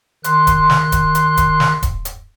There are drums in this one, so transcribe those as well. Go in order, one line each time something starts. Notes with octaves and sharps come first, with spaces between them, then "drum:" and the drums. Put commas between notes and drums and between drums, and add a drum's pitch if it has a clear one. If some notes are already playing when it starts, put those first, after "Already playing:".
D#3 C6 F#6, drum: hi-hat
drum: kick D#1, hi-hat
drum: snare
drum: kick D#1, hi-hat
drum: hi-hat
drum: kick D#1, hi-hat
drum: snare
drum: kick D#1, hi-hat
drum: hi-hat